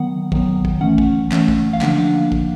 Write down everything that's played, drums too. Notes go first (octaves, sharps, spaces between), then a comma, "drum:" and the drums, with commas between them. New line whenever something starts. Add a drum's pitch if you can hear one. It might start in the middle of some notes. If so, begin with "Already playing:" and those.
Already playing: D#3 F#3 B3 F#5
D#3 F#3 B3, drum: kick
drum: kick
E3 A3 C#4 F#5
drum: kick
E3 A3 C#4, drum: clap
drum: kick
F5
D3 F3 A#3 D4 F#5, drum: clap
F5
drum: kick